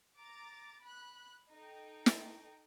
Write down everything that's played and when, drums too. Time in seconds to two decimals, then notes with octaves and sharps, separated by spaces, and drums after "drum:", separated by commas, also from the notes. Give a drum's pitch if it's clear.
0.18 A#5 D6 A6
0.81 B5 F#6
1.52 D#4 A4 G5
2.06 drum: snare